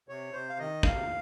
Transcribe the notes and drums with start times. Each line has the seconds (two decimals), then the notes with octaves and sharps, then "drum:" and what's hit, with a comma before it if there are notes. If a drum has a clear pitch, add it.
0.09 C3 C#5
0.33 C3 C5
0.49 F5
0.59 D#3 D#5
0.83 C3 F5, drum: kick